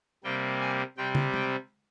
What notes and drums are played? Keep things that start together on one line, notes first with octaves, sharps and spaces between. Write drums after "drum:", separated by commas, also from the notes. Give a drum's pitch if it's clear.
C3 G3 A#3 G5
G#5
C3 G3 C4 G5
drum: tom
G5, drum: tom